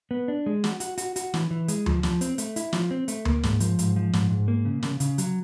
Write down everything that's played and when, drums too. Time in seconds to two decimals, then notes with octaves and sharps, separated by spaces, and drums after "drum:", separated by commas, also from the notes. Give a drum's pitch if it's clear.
0.11 B3
0.28 D4
0.46 G#3
0.64 F#4, drum: snare
0.80 F#4, drum: hi-hat
0.98 F#4, drum: hi-hat
1.16 F#4, drum: hi-hat
1.34 E3, drum: snare
1.51 E3
1.68 G#3, drum: hi-hat
1.86 F3, drum: tom D2
2.03 F3, drum: snare
2.21 C4, drum: hi-hat
2.38 A3, drum: hi-hat
2.56 E4, drum: hi-hat
2.73 F3, drum: snare
2.91 C4
3.08 A3, drum: hi-hat
3.25 A#3, drum: tom D2
3.43 G#2, drum: snare
3.60 F3, drum: hi-hat
3.79 G#2, drum: hi-hat
3.96 F3
4.13 G#2, drum: snare
4.31 G#2
4.48 A#3
4.65 C#3
4.83 C#3, drum: snare
5.00 C#3, drum: hi-hat
5.18 F#3, drum: hi-hat